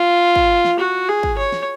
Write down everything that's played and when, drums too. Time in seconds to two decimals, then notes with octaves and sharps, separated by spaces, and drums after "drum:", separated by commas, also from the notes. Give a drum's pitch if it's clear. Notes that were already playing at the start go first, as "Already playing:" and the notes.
Already playing: F4
0.36 drum: kick
0.65 drum: snare
0.79 F#4
1.09 G#4
1.23 drum: kick
1.38 C#5
1.52 drum: snare